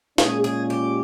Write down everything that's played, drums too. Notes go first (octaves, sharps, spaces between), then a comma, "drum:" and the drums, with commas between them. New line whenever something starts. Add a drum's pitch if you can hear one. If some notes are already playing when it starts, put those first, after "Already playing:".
A#2 G#3 C#4 F4 G#4, drum: snare
G#4
G4